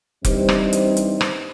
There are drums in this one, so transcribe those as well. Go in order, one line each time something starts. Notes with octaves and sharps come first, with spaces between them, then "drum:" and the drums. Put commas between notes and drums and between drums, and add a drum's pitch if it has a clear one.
G2 E3 G3 C4 D#4 C5, drum: kick F1, hi-hat
drum: rim click
drum: hi-hat
drum: hi-hat
drum: rim click